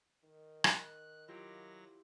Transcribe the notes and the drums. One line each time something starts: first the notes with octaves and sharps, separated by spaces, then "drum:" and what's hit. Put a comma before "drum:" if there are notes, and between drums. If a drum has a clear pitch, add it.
D#3
F#6, drum: rim click
F#3 E4 F4 G4 A#6